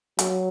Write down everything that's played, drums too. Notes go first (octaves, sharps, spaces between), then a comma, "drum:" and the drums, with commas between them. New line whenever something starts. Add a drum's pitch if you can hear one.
F#3, drum: hi-hat